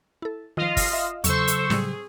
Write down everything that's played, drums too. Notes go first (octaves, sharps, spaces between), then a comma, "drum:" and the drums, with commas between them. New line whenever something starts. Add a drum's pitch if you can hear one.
E4 A4
D#3 F3 F4 D#5 F5
drum: kick, open hi-hat
E5
E2 C#3 F#3 A4 C5 C#6 E6, drum: hi-hat
drum: hi-hat
A2 G3 G#4, drum: snare